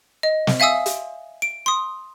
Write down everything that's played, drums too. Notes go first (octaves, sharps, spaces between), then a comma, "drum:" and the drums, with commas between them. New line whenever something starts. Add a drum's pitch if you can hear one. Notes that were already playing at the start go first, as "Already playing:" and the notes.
D#5
drum: snare
E5 F5 G#5 D#6 E6
drum: hi-hat
D7
C6 D#6